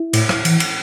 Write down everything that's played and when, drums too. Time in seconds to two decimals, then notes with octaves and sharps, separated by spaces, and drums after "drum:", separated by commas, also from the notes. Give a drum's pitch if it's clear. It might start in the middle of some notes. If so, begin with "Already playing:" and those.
Already playing: E4
0.13 A2, drum: cymbal
0.29 drum: rim click
0.45 E3, drum: cymbal
0.60 drum: cymbal